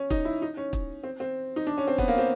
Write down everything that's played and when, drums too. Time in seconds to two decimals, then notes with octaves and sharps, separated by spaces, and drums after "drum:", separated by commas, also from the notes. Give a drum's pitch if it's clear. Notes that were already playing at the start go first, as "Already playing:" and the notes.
Already playing: C#4
0.10 D#4, drum: kick
0.25 E4
0.42 D#4
0.57 C#4
0.73 C#4, drum: kick
1.04 C4
1.20 C4
1.56 D#4
1.67 D4
1.78 C#4
1.88 C4
1.98 B3, drum: kick
2.08 A#3
2.18 C4